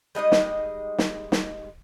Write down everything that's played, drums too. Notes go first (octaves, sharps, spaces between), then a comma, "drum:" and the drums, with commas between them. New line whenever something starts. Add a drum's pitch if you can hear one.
G3 G#3 D#4 D#5
drum: snare
drum: snare
drum: snare